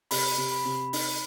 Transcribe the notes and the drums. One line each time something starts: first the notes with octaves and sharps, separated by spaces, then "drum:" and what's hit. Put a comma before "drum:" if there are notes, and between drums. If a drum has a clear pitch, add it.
C3 B5, drum: open hi-hat
C3
B5
C3
D#4, drum: open hi-hat